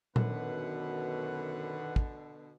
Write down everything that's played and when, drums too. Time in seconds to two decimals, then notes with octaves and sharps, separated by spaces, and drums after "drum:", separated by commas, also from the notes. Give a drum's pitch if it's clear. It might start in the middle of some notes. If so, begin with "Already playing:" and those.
0.16 F#2 B2 D3 D#3 B4 F#5, drum: tom A#2
1.96 drum: kick